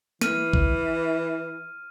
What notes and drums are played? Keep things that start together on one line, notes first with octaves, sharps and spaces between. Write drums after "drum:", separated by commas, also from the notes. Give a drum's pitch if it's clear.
E3 F6 D#7, drum: snare
drum: kick A1